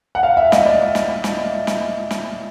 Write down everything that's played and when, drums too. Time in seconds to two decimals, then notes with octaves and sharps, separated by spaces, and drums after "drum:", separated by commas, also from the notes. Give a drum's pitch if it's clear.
0.15 F#5
0.23 F5
0.37 E5
0.52 D#5, drum: snare
0.66 D5
0.95 drum: snare
1.24 drum: snare
1.67 drum: snare
2.11 drum: snare